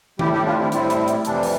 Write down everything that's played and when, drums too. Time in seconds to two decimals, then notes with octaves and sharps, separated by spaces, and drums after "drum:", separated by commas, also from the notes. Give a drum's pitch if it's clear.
0.19 A2 G3 E4 G4, drum: tom D#3
0.32 E4 G4
0.45 D4 F4
0.59 C4 E4
0.72 A2 G3 C4 E4, drum: hi-hat
0.90 drum: hi-hat
1.08 drum: hi-hat
1.25 F2 C3 E3 G3 D4, drum: hi-hat
1.43 drum: open hi-hat